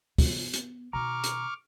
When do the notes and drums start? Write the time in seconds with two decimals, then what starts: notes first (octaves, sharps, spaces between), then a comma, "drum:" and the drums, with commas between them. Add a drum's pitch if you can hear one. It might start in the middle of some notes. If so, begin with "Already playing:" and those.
0.18 B3, drum: kick, open hi-hat
0.54 drum: hi-hat
0.93 B2 D#3 A#5 C#6 D6 F6
1.24 drum: hi-hat